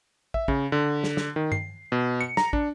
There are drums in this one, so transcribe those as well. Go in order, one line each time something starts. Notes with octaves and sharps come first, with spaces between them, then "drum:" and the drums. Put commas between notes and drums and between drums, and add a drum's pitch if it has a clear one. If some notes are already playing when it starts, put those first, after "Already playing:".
E5, drum: kick
C#3, drum: kick
D3
drum: snare
drum: snare
D#3
C7, drum: tom G2
B2
C#7
A#5, drum: snare
D4, drum: kick